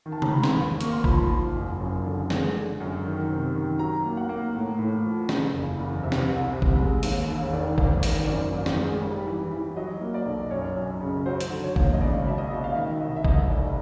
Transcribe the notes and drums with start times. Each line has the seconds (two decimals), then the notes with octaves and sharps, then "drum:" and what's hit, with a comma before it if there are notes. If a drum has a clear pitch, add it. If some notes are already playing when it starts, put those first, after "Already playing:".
0.06 D#3
0.12 A5
0.22 A#5, drum: tom C3
0.31 D#3 B5
0.43 C6, drum: snare
0.55 G#1
0.81 A#3 C#6, drum: hi-hat
0.93 C6
1.04 F3 B5, drum: kick A1
1.17 C6
1.30 F3
1.55 F#1
1.80 F#2
2.05 D3
2.30 G#3, drum: snare
2.55 D3
2.80 F#2
3.05 D#3
3.30 C3
3.55 D#3
3.79 F#3 A#5
4.05 A#3
4.17 F#5
4.29 A#3
4.55 A2
4.79 A2
5.04 F3
5.29 C#3, drum: snare
5.54 F#1
5.79 E2
6.03 C3 E5
6.12 drum: snare
6.29 C2
6.53 C3
6.62 drum: kick A1
6.78 G#3
7.03 D#2, drum: open hi-hat
7.27 E1
7.52 D#3 D5
7.78 G#1, drum: kick A1
8.03 D#3, drum: open hi-hat
8.27 F#2 D5
8.52 G#1
8.66 drum: snare
8.77 G#3
9.02 G3
9.27 E3
9.51 E3
9.76 F#3 D#5
10.01 A#3
10.14 D5
10.26 B1
10.51 F#2 C#5
10.76 F#2
11.01 C#3
11.26 F#3 C5
11.40 drum: hi-hat
11.50 D3
11.63 C#5
11.76 D#2, drum: kick A1
11.93 D#5
12.00 C#2 D5
12.26 B2 E5
12.38 D#5
12.51 B2
12.64 F5
12.75 D#3 E5
13.00 C2 D#5
13.16 E5
13.25 C2 D#5, drum: kick A1
13.50 F1 D5